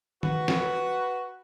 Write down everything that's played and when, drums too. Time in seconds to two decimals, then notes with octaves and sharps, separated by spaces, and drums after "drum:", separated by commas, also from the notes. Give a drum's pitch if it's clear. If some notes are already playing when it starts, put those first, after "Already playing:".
0.23 F#4 B4, drum: tom
0.48 drum: snare